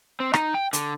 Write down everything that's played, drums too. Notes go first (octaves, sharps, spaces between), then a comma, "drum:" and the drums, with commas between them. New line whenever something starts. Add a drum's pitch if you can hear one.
C4
D#4, drum: rim click
G5
D3, drum: hi-hat